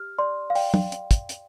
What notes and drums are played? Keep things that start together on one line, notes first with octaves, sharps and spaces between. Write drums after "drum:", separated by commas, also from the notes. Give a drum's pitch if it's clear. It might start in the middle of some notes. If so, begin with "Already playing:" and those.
Already playing: G4 F6
D5 C6
F5
D5 G5, drum: open hi-hat
drum: tom F#3
drum: hi-hat
drum: kick, hi-hat
drum: hi-hat